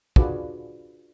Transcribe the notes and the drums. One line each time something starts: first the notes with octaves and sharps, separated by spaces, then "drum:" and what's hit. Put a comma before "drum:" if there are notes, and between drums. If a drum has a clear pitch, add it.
D4 F4 F#4 G#4 B4 D5, drum: kick